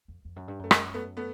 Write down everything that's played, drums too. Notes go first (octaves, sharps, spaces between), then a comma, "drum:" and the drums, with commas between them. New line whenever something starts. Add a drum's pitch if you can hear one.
F2
F2
F#2
G2
F#2 A3
G#3 A#3, drum: rim click
A3 B3
A3 B3